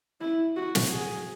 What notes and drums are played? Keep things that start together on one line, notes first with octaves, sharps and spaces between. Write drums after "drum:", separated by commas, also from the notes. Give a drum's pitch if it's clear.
E4
F#4
drum: snare
G#4